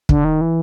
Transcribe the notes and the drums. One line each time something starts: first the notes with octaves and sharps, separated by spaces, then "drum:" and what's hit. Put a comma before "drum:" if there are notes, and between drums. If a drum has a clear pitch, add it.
D3, drum: kick
D#3
E3